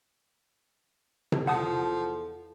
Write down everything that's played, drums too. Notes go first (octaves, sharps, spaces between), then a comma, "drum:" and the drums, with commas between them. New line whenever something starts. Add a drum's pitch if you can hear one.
drum: tom C3
E2 F3 F4 A4 F#5 A5 D#6